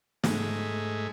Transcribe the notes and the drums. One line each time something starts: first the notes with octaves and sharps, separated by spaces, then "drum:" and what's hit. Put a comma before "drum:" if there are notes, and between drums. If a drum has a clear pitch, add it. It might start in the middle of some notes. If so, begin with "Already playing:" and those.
G#2 G#3 A3, drum: snare